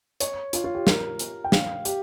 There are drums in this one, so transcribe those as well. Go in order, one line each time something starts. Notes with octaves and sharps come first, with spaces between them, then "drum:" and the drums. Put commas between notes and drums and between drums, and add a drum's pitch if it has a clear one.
C#5, drum: hi-hat
F4, drum: hi-hat
F4
G4
A#4, drum: snare
drum: hi-hat
G5
F5, drum: snare
G4, drum: hi-hat